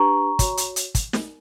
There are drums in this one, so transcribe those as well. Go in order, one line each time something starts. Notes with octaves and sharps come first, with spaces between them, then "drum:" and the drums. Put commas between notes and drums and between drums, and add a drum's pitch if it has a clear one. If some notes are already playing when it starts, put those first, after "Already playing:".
Already playing: D4 G4 B4 A#5 C#6
F#4 C#5, drum: kick, hi-hat
drum: hi-hat
drum: hi-hat
drum: kick, hi-hat
drum: snare